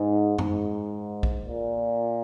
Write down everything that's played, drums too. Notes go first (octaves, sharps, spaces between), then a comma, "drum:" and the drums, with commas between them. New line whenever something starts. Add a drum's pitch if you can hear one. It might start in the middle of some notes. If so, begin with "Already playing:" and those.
Already playing: G#2
G#2, drum: tom F#2
drum: kick
A#2